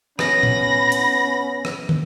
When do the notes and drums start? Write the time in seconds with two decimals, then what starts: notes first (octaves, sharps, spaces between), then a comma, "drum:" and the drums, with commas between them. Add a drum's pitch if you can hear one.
0.19 B3 C#4 B5 A#6, drum: rim click
0.43 drum: tom A#2
0.92 drum: hi-hat
1.65 drum: rim click
1.89 drum: tom